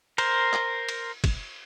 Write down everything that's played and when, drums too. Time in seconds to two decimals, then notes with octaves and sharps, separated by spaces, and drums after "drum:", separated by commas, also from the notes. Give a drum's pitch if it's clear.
0.18 A#4 C5, drum: cymbal
0.53 drum: clap
0.89 drum: cymbal
1.24 drum: kick, cymbal